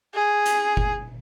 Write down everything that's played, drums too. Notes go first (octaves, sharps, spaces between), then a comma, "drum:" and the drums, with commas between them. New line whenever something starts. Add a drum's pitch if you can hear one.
G#4
drum: hi-hat
drum: kick F#1